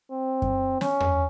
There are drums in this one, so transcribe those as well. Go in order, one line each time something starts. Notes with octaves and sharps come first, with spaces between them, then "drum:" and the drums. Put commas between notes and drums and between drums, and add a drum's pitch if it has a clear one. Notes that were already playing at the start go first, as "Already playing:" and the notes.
C4
drum: kick F#2
C#4, drum: snare
drum: tom E2